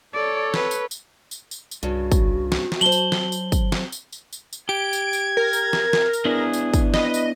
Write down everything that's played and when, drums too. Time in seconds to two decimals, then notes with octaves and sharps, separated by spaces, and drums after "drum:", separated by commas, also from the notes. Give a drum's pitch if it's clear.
0.14 A4 C#5 D5
0.54 B4, drum: snare
0.71 drum: tambourine
0.91 drum: tambourine
1.31 drum: tambourine
1.51 drum: tambourine
1.71 drum: tambourine
1.83 C2 G2 C#3 F#4
2.12 drum: kick, tambourine
2.52 drum: snare
2.72 drum: snare
2.81 F#3 C5 A5 F#7 G7
2.92 drum: tambourine
3.12 drum: snare
3.32 drum: tambourine
3.52 drum: kick, tambourine
3.72 drum: snare
3.92 drum: tambourine
4.12 drum: tambourine
4.33 drum: tambourine
4.53 drum: tambourine
4.69 G4 G#6 D7
4.93 drum: tambourine
5.13 drum: tambourine
5.37 A#4
5.53 drum: tambourine
5.73 drum: snare
5.93 drum: snare
6.13 drum: tambourine
6.25 B3 D4 E4 G#4
6.53 drum: tambourine
6.74 drum: kick, tambourine
6.94 B4 D#5, drum: snare
7.14 drum: tambourine